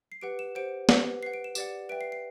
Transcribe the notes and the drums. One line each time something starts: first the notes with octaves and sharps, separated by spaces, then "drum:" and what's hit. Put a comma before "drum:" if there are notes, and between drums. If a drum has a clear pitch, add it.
C7
G4 B4 F#5 D7
E7
G4 C5 F#5 D7
G4 B4 F#5 C7, drum: snare
B4 F#5 C7
D7
E7
G4 D5 F#5 E7, drum: tambourine
B4 E5 G5 D7
C7
C7